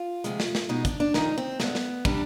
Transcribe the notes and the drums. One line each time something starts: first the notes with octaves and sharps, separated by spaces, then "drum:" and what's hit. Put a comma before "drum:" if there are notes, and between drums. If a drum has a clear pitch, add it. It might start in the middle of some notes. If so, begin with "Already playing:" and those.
Already playing: F4
D2 C3 F3 G#3, drum: hi-hat
drum: snare
drum: snare
B2 G#3 D#4
D4, drum: kick, hi-hat
D4
F2 D#3 G#3 D#4, drum: snare
C4
G2 D3 G#3 B3, drum: snare
drum: snare
C3 G3 D4, drum: kick